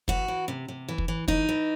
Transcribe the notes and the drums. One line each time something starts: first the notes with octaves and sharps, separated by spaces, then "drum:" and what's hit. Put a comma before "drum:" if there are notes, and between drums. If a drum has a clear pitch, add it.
E3 F#4, drum: kick
E3
C3
C3
E3
drum: kick
E3
E3 D#4, drum: kick
E3